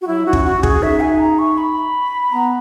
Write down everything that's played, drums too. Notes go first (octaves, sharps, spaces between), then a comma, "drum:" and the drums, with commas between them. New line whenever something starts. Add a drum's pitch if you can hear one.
F#4
F#3 E4
D#4 F#4
C#4, drum: kick
F#4
C#4
G#4, drum: kick
D#4 E5
G#5
A#5
C#6
B5
B3 A#5